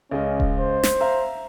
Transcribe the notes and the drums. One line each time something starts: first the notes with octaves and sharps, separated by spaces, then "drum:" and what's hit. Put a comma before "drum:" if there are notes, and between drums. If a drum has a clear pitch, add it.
C#2 G#3 C#4 D#5
drum: kick D#1
C5
drum: snare
E5 F5 A#5